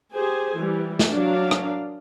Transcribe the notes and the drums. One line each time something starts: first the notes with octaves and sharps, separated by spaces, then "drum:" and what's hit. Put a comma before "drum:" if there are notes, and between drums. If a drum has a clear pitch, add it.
G4 G#4 C5 G#5
E3 G3
drum: snare
F#3 D4 A#4 D5 F5
drum: rim click